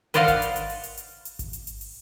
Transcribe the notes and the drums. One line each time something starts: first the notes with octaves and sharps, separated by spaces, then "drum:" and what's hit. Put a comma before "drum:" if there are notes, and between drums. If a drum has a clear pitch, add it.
B4 C5 D5 D#5 F5 F#5, drum: hi-hat
drum: kick G#1, hi-hat
drum: hi-hat
drum: hi-hat
drum: open hi-hat
drum: hi-hat
drum: hi-hat
drum: hi-hat
drum: kick G#1, hi-hat
drum: hi-hat
drum: hi-hat
drum: open hi-hat